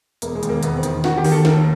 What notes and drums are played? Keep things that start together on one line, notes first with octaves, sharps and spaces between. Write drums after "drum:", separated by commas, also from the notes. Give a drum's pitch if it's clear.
E1 A#3, drum: hi-hat
G#3
D#2, drum: hi-hat
A#3
E1 B3, drum: hi-hat
C4
D#3, drum: hi-hat
D#3 F#4, drum: snare D4
G4
D#3, drum: open hi-hat
A4
D#2 A#4, drum: snare D4